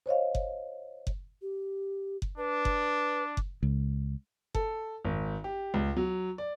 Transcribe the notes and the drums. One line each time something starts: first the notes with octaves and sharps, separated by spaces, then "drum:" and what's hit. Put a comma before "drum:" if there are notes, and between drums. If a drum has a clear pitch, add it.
C5 C#5 D#5 F5
drum: kick F#1
drum: kick F#1
G4
drum: kick F#1
D4 B4
drum: kick F#1
drum: kick F#1
C#2
A4, drum: kick F#1
G#1
G4
C#2
F#3
D5